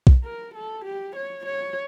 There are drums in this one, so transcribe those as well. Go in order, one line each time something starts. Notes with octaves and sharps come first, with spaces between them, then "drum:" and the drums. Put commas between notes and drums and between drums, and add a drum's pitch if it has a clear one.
drum: kick
A#4
A4
G4
C#5
C#5